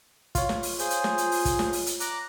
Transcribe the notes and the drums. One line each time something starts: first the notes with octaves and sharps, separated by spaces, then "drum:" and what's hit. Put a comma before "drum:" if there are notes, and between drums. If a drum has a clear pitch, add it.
F4 C#5, drum: kick, hi-hat
drum: snare
drum: open hi-hat
G#4 C5, drum: hi-hat
drum: hi-hat
drum: snare
drum: hi-hat
drum: open hi-hat
drum: kick, hi-hat
drum: snare
drum: open hi-hat
drum: hi-hat
A#5 D6 F#6, drum: hi-hat